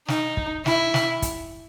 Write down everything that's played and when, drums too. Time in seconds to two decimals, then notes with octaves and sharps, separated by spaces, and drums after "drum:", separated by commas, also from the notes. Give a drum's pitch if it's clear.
0.08 D#4, drum: snare
0.37 drum: kick
0.66 E4, drum: snare
0.94 drum: snare
1.22 drum: kick, hi-hat